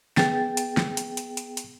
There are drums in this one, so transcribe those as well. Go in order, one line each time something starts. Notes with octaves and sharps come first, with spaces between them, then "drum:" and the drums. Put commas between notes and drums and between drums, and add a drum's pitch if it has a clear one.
B3 G#4 G5 A6, drum: snare
drum: hi-hat
drum: snare
drum: hi-hat
drum: hi-hat
drum: hi-hat
drum: hi-hat